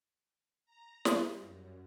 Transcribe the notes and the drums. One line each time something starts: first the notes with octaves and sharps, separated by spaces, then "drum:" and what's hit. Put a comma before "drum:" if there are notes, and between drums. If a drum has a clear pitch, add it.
A#5
G3, drum: snare
F#2